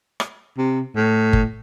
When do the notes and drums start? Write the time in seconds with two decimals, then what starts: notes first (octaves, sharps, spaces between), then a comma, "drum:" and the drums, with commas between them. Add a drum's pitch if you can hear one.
0.20 drum: rim click
0.58 C3
0.95 A2
1.33 drum: kick G1